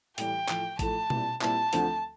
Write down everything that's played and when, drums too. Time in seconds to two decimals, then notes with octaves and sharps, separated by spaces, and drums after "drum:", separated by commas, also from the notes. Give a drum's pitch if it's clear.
0.18 A2 E3 G3 G5, drum: hi-hat
0.48 A2 F3 A3, drum: clap
0.79 A2 F3 A3 A5, drum: kick A1, hi-hat
1.10 A#2 G3 C4 E4, drum: tom B2
1.41 A#2 G3 C4 E4 A5, drum: clap
1.73 D2 D3 F3 A3 C4, drum: hi-hat